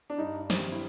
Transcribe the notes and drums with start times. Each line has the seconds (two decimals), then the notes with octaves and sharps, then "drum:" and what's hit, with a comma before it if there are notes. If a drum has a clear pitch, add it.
0.10 D4
0.18 G2 D#4
0.50 D#3 G3 C4, drum: snare
0.72 E4